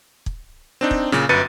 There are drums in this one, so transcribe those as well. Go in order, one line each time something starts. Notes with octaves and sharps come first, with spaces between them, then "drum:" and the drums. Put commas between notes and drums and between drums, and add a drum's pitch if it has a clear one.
drum: kick
C4 D4 D#4
drum: kick
A#2 C#3, drum: snare
G1 F#2 B4 A6 C#7 D#7